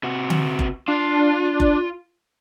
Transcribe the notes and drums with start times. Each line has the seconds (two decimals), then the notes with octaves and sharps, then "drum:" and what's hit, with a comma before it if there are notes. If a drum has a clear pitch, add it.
0.03 C3 F#4
0.30 drum: tom D3
0.59 drum: kick F#1
0.88 D4 F4
1.60 drum: kick F#1